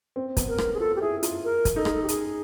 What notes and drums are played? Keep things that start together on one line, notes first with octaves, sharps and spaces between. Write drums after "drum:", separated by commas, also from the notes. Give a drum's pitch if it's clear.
C4
B3, drum: kick, hi-hat
A#4
drum: rim click
G#4
F4 A4
G4
E4 G#4
F4, drum: hi-hat
A#4
drum: kick, hi-hat
D#4 A4
G#4, drum: rim click
A4
G4
G#4, drum: hi-hat